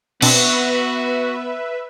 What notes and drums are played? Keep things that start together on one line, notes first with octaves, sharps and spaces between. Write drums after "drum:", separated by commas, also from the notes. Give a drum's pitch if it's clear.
B2 B3 C4 D4 F#4 B4 E5, drum: cymbal